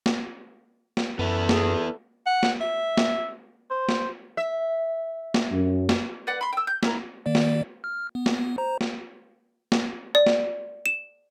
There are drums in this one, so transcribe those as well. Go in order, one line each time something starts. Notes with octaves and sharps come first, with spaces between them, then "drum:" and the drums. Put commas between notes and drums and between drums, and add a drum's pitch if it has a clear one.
drum: snare
drum: snare
F#2 B3 E4 A4
G#4, drum: snare
F#5
drum: snare
E5
drum: snare
C5
drum: snare
E5
drum: snare
F#2
drum: snare
B4 D5 F#5
B5 C6
G5 E6
G6
E4 A#4, drum: snare
D#3 A#3 D5
drum: snare
F6
B3
drum: snare
C5 A#5
drum: snare
drum: snare
D5
drum: snare
E7